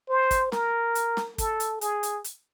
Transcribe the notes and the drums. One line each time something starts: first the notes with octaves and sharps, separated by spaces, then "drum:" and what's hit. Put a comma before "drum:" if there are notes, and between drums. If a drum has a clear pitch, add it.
C5
drum: kick, hi-hat
A#4, drum: snare
drum: hi-hat
drum: snare
A4, drum: kick, hi-hat
drum: hi-hat
G#4, drum: hi-hat
drum: hi-hat
drum: hi-hat